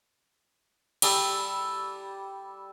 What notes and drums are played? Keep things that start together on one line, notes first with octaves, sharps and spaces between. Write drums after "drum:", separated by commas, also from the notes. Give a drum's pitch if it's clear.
G3 A4 B5 E6, drum: cymbal